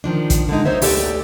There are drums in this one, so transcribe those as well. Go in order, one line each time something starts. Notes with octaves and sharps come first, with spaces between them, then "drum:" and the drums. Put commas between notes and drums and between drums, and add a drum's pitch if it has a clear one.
D#3 F3 D4
drum: kick, hi-hat
D3 G#3 D#4
B3 D#4 C5 C#5 E5
D2 G4 A4 D5 F#5, drum: open hi-hat